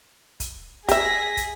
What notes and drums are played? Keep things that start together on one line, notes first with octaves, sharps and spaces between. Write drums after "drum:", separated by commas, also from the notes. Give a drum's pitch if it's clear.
drum: kick, hi-hat
G4 G#4 E5 A#6 B6, drum: kick, hi-hat
drum: kick, hi-hat